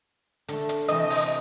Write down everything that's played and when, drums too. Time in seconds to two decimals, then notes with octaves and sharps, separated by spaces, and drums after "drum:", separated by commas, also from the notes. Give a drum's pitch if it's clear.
0.48 D3 A3, drum: hi-hat
0.69 drum: hi-hat
0.88 C3 E3 A3 D#5, drum: hi-hat
1.10 drum: open hi-hat